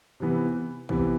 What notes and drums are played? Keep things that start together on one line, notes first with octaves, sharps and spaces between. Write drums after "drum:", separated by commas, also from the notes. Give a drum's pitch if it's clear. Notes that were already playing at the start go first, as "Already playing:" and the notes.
C3 E3 B3
C3 E3 B3, drum: kick